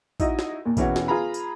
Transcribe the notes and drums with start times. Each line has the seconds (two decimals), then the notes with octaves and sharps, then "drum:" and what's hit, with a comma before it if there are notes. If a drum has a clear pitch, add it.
0.20 D#4 E4 F#4 D#5, drum: kick, tambourine
0.39 drum: snare
0.65 D#2 A#2
0.77 E1 E3 C#4 F#4 F#5, drum: kick, tambourine
0.96 drum: snare
1.08 F4 G#4 B4 A#5 B5
1.34 drum: tambourine